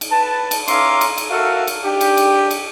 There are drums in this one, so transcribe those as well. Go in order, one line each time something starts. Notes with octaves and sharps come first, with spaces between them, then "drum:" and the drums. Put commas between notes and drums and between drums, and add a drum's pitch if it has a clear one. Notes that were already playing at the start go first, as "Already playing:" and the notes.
drum: cymbal
B4 A5
drum: cymbal
C#4 E5 F5 A#5 C6 D6, drum: cymbal
drum: cymbal
drum: cymbal
F#4 A4 A#4 E5 F5
drum: cymbal
D4 G4
drum: cymbal
drum: cymbal
drum: cymbal